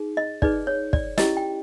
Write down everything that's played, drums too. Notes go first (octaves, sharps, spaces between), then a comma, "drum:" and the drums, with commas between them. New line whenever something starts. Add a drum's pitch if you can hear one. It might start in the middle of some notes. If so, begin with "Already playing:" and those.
Already playing: D#4 G#4
D#5
D#4 G#4 B4 D5, drum: kick
C#5
D5, drum: kick
C#4 E4 G4 D#5, drum: snare
G5